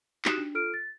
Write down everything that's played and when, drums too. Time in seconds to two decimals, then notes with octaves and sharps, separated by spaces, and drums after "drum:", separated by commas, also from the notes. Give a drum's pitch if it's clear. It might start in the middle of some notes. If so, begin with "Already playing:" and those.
0.25 D#4 F#4 G4 D#6 F#6 E7, drum: clap
0.38 D4
0.54 F4 A4 F6 D7
0.74 A6